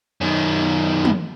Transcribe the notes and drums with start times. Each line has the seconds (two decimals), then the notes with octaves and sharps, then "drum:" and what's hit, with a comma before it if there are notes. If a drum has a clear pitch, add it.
0.21 F#2 D#3
1.05 drum: tom